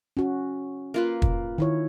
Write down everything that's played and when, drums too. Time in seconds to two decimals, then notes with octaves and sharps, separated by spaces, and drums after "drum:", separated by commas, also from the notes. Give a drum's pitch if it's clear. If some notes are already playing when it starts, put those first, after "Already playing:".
0.17 C#4 F#4
0.94 A#3 F4 B4
1.22 drum: kick
1.58 D#3 E4 C#5